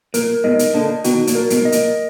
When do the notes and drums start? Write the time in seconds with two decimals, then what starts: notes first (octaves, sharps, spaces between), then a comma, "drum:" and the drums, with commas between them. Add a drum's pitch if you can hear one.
0.14 A#2 A#4, drum: hi-hat
0.44 G#2 B2 D#5
0.59 drum: hi-hat
0.74 A#2 D3 D4
1.04 B2 D#3 F#4, drum: hi-hat
1.27 A#2, drum: hi-hat
1.35 A#4
1.50 G#2 B2, drum: hi-hat
1.65 D#5
1.72 A#2, drum: hi-hat